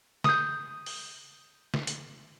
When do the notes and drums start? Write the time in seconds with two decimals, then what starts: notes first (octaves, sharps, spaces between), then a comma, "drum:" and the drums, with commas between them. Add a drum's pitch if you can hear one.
0.24 D#6 G6, drum: snare
0.86 drum: open hi-hat
1.74 drum: snare
1.87 drum: hi-hat